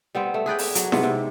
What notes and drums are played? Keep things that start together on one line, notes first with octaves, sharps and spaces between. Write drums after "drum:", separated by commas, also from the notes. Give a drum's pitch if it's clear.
G3 B3 C4
A3
G#4 B4 D5 G5
drum: open hi-hat
F#3, drum: hi-hat
G#2 C3 B3, drum: snare E4
C3